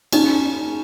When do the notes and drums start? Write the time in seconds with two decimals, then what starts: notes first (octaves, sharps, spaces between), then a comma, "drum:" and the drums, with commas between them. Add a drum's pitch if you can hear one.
0.12 C#4 D#4, drum: cymbal